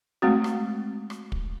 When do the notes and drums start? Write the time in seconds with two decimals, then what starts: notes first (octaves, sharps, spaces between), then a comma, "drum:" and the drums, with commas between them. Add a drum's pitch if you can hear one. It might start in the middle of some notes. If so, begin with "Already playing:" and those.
0.22 G#3 A3 C4 F#4
0.44 drum: rim click
1.10 drum: rim click
1.32 drum: kick